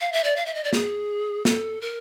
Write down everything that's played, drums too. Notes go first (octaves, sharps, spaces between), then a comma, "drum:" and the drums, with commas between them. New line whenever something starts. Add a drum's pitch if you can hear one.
F5
E5
D5
F5
E5
D#5
D5
G#4, drum: snare
A4, drum: snare
A#4